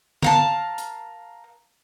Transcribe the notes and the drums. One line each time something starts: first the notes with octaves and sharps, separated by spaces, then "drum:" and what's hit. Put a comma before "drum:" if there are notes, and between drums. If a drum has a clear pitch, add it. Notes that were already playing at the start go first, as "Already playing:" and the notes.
A#4 F5 A5, drum: tom D3
drum: hi-hat